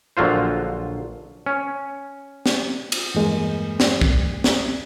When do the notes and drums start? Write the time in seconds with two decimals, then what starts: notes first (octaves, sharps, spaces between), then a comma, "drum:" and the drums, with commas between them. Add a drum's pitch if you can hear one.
0.17 A#1 D3 F#3 F4 C5
1.46 C#4
2.46 drum: snare
2.92 drum: cymbal
3.15 E2 G2 G#3 A#3
3.80 drum: snare
4.01 drum: kick
4.44 drum: snare